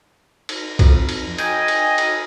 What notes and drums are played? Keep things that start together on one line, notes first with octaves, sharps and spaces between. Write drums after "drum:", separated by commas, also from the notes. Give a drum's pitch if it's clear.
drum: cymbal
F2, drum: kick, cymbal
drum: cymbal
D#5 G5 G#5, drum: cymbal
drum: cymbal
drum: cymbal